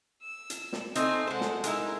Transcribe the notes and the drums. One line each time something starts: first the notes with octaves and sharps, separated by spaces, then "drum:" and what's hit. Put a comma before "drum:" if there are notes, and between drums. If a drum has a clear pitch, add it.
E6
drum: hi-hat
drum: snare
A3 C4 D#4 G#5, drum: hi-hat
G#3 A4 C5 F#5
drum: snare
G#3 D#4 E4 A#4, drum: hi-hat